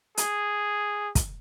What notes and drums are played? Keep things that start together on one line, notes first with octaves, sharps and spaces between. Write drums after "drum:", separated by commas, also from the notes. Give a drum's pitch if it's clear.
G#4, drum: hi-hat
drum: kick, hi-hat